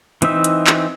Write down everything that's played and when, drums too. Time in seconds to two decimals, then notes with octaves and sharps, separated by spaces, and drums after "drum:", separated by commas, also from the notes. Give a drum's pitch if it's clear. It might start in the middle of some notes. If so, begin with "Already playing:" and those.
0.22 E3 C4 D#4 E5, drum: hi-hat
0.44 drum: hi-hat
0.67 drum: clap